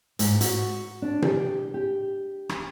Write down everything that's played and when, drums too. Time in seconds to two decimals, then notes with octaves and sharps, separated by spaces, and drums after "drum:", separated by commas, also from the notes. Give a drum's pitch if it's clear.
0.19 G#2, drum: hi-hat
0.41 F#4, drum: hi-hat
1.02 D4
1.22 G4, drum: tom
1.74 G4
2.49 drum: rim click